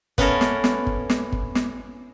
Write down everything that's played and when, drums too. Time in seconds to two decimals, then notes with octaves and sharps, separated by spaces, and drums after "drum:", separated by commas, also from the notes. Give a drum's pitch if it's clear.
0.18 B3 C#4 E4 A4 A#4, drum: kick G1
0.41 drum: snare
0.64 drum: snare
0.87 drum: kick G1
1.10 drum: snare
1.32 drum: kick G1
1.55 drum: snare